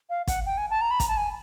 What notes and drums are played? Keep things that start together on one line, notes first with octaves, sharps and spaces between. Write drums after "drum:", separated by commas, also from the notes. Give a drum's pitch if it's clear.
F5
F#5, drum: kick, hi-hat
G5
G#5
A5
A#5
B5
A#5, drum: kick, hi-hat
A5
G#5